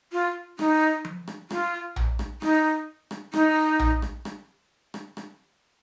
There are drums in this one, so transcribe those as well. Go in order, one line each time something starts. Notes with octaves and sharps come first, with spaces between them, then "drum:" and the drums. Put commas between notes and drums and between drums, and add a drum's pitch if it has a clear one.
F4
D#4, drum: rim click
drum: tom F3
drum: rim click
F4, drum: rim click
drum: tom A#1
drum: rim click
D#4, drum: rim click
drum: rim click
D#4, drum: rim click
drum: tom A#1
drum: rim click
drum: rim click
drum: rim click
drum: rim click